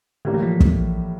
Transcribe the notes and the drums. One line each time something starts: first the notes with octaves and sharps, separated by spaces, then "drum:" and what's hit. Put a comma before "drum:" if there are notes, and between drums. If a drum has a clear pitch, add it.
A2 D3 G3 A#3
E3
F3
drum: kick